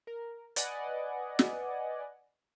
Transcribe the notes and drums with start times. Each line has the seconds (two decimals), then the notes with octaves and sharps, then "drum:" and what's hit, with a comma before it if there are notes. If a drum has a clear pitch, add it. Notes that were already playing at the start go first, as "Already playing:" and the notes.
0.07 A#4
0.56 B4 D5 D#5 F#5 G#5, drum: hi-hat
1.39 drum: snare